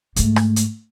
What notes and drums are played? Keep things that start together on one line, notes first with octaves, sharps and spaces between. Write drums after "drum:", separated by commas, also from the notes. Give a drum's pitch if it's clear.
G#2 A3, drum: hi-hat
drum: rim click
drum: hi-hat